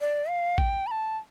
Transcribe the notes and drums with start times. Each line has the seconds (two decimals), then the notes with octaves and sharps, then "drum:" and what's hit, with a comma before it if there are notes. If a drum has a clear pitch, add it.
0.01 D5
0.29 F5
0.58 G5, drum: kick A1
0.87 B5
0.91 A5